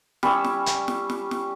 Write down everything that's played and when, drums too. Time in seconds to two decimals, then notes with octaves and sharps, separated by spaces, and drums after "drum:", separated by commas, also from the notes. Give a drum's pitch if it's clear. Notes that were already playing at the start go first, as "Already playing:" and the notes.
0.23 G3 C#4 C#6 E6, drum: snare
0.45 drum: snare
0.66 drum: hi-hat
0.88 drum: snare
1.10 drum: snare
1.31 drum: snare